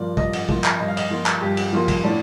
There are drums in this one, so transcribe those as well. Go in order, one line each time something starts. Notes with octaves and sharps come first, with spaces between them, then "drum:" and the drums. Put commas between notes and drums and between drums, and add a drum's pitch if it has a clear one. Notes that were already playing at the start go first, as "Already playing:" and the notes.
Already playing: G2 F3 A#3 F4 D5
G2 D#5, drum: kick
drum: cymbal
F3 A#3 F4, drum: kick
drum: clap
G2 D#5
F5
D#5, drum: cymbal
F3 A#3 F4
drum: clap
G2 G4
drum: cymbal
F3 A#3 F4
drum: kick, cymbal
A2 D4